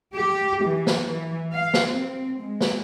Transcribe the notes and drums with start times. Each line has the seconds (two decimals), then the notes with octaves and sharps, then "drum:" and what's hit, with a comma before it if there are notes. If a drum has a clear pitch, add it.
0.14 G4
0.64 E3
0.87 drum: snare
1.04 E3
1.53 F5
1.74 drum: snare
1.88 C4
2.40 G#3
2.61 drum: snare